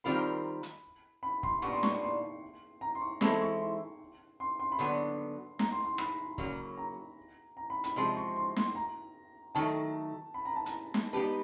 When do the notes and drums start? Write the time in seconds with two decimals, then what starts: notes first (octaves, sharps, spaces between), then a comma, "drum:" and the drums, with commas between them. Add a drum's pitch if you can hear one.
0.04 D#3 G3 C4 F4 A#4 B5
0.63 drum: hi-hat
1.23 B5
1.43 C6, drum: kick
1.62 A#2 G3 B3 D4 C#6
1.73 C6
1.83 C#6, drum: snare
2.02 C6
2.81 A#5
2.95 C6
3.01 C#6
3.21 E3 G#3 C4 E4 A4 C#6, drum: snare
3.41 C#6
3.60 C6
4.40 C6
4.60 C6
4.72 B5
4.79 D3 F#3 B3 C6
5.59 A#5, drum: snare
5.72 C6
5.85 C6
5.98 B5, drum: rim click
6.38 C#3 F#3 A#3, drum: kick
6.77 A#5
7.57 A#5
7.70 B5
7.84 B5, drum: hi-hat
7.96 C3 F3 G#3 C6
8.17 C#6
8.36 C6
8.56 C6, drum: snare
8.75 A#5
9.55 D#3 F#3 A3 A5
10.34 B5
10.45 A#5
10.56 A5
10.66 A#5, drum: hi-hat
10.94 drum: snare
11.13 G#3 B3 D#4 G4 B4 A5